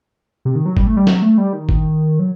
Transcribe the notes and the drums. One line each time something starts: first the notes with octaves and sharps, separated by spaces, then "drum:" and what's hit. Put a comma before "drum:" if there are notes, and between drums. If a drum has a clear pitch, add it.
C3
D#3
F#3
G3, drum: kick
A3
G3
F#3, drum: snare
A3
G3
D#3
drum: kick
F#3